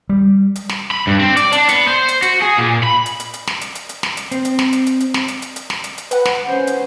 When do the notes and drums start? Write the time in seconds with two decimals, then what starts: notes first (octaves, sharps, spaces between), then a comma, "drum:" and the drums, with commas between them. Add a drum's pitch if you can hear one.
0.09 G3
0.55 drum: hi-hat
0.69 drum: snare
0.91 B5
1.07 G2
1.19 C4
1.37 D5, drum: hi-hat
1.52 D4, drum: hi-hat
1.69 B3, drum: hi-hat
1.87 C5
2.08 drum: hi-hat
2.22 F#4, drum: hi-hat
2.42 G#4
2.58 A#2
2.83 B5
3.06 drum: hi-hat
3.20 drum: hi-hat
3.34 drum: hi-hat
3.47 drum: snare
3.61 drum: hi-hat
3.75 drum: hi-hat
3.89 drum: hi-hat
4.03 drum: snare
4.17 drum: hi-hat
4.31 C4, drum: hi-hat
4.45 drum: hi-hat
4.59 drum: snare
4.73 drum: hi-hat
4.86 drum: hi-hat
5.00 drum: hi-hat
5.14 drum: snare
5.28 drum: hi-hat
5.42 drum: hi-hat
5.56 drum: hi-hat
5.70 drum: snare
5.84 drum: hi-hat
5.98 drum: hi-hat
6.11 B4 F#5, drum: hi-hat
6.25 drum: snare
6.48 C#4 C5
6.67 drum: hi-hat